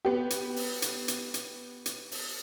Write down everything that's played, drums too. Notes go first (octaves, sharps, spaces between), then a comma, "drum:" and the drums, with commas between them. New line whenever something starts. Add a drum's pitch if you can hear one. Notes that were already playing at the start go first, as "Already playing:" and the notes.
B3 G4
drum: hi-hat
drum: open hi-hat
drum: hi-hat
drum: hi-hat
drum: hi-hat
drum: hi-hat
drum: open hi-hat